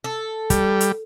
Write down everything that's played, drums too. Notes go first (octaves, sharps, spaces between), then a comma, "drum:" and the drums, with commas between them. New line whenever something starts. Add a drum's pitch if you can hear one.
A4
G3, drum: kick, hi-hat
drum: hi-hat